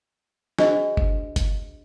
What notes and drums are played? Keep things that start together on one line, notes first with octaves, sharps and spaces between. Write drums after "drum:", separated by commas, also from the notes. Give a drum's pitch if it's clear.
D4 F#4 G#4 C5 D#5, drum: snare
drum: kick G1
drum: kick G1, hi-hat